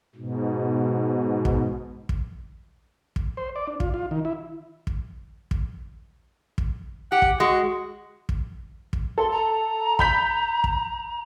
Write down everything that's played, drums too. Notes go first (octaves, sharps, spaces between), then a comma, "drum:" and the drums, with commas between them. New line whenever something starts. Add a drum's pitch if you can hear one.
G#2 B2
drum: kick
drum: kick
drum: kick
C5
D5
D4
F4, drum: kick
F4
D#3
E4
drum: kick
drum: kick
drum: kick
G4 F#5
drum: kick
G#3 F#4
drum: kick
drum: kick
A4 C6
A#5
B5 G6 B6, drum: kick
drum: kick